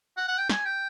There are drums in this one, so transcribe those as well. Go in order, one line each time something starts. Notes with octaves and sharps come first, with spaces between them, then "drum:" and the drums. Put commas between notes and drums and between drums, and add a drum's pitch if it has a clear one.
F#5
F#5
G5
G#5, drum: snare
G5